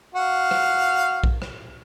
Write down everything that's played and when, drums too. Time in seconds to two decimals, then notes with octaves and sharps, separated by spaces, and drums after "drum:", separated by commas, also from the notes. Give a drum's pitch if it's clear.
0.15 F#4 F5
0.51 drum: rim click
1.24 drum: kick A#1
1.42 drum: rim click